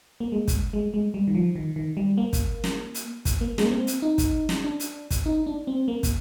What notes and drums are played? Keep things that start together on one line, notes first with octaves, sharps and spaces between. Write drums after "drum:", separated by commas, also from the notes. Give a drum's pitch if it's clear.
A#3
G#3
drum: kick, hi-hat
G#3
G#3
G3
D#3
F3
D#3
D#3
G3
A#3
drum: kick, hi-hat
drum: snare
drum: hi-hat
drum: kick, hi-hat
A#3
G#3, drum: snare
A#3
C4
drum: hi-hat
D#4
drum: kick, hi-hat
drum: snare
D4
drum: hi-hat
drum: kick, hi-hat
D#4
D4
C4
A#3
drum: kick, hi-hat